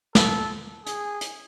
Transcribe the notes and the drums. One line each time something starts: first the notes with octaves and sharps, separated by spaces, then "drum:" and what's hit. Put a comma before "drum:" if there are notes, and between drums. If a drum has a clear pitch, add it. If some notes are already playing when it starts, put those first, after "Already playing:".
A4, drum: snare
G#4, drum: hi-hat
drum: hi-hat